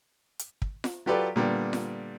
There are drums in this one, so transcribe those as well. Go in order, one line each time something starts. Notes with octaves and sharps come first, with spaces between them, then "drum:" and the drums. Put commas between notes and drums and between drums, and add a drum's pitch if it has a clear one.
drum: hi-hat
drum: kick
drum: snare F4
F#3 F4 G4 A4 B4 D5
A#2 D3 G3 B3
drum: snare F4